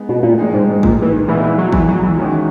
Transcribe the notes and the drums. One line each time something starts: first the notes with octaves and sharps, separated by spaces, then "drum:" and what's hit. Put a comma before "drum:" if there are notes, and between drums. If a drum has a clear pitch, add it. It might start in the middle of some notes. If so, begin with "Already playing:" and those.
Already playing: G#3 B3 D#4 G#4
B2
A#2
D#3 G#3 D#4 G#4
G#2
G#2
A#2, drum: kick A1
E3
D#3
A#2 E3 G#3 B3 E4
E3
F#3
E3, drum: kick A1
F#3
E3
D#3 E3 G#3 C#4 F#4